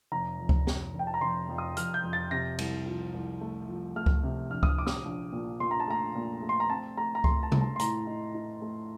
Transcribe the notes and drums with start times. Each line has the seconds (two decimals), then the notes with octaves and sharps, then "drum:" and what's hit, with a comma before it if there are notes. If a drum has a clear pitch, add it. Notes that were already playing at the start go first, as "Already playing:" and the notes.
0.12 F1 A#5
0.39 F2
0.49 drum: kick C#2
0.67 F1, drum: snare
0.94 F1 G5
1.07 A5
1.14 A#5
1.21 F1 C6
1.49 F2
1.58 D#6
1.77 F1 F6, drum: hi-hat
1.94 G6
2.04 F2
2.13 A6
2.31 C3 A#6
2.58 C2, drum: cymbal
2.86 F3
3.14 C2
3.41 A3
3.68 F3
3.96 A3 F6
4.06 drum: kick C#2
4.23 C3
4.51 A#1 F6
4.63 D#6, drum: kick C#2
4.69 F6
4.78 A#1 D6
4.87 D#6, drum: snare
5.05 A#1
5.33 A#2
5.60 A#2 C6
5.71 A#5
5.80 A5
5.88 A3 A#5
6.15 A#2
6.42 A3
6.49 C6
6.60 A#5
6.70 C4 A5
6.97 A3 A#5
7.15 A#5
7.24 A3 C6, drum: kick C#2
7.43 A5
7.52 A3, drum: tom C3
7.61 A5
7.76 C6
7.79 A2 A#5, drum: hi-hat
8.07 D#4
8.35 D#4
8.62 A3